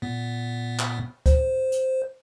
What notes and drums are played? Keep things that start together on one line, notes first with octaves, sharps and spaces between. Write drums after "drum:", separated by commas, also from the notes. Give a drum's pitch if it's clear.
A#2 B3
drum: clap
C5, drum: kick, hi-hat
drum: hi-hat